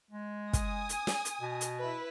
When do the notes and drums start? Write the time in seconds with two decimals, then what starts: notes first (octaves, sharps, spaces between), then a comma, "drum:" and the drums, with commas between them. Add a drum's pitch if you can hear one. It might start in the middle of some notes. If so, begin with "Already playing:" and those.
0.11 G#3
0.53 G#5 D#6, drum: kick, hi-hat
0.89 drum: hi-hat
1.07 drum: snare
1.25 drum: hi-hat
1.41 B2
1.61 drum: hi-hat
1.80 E4 B4